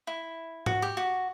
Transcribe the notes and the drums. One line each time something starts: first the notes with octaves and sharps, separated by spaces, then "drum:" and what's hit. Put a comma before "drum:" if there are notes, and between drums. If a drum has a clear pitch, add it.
E4
F#4, drum: tom G#2
G4
F#4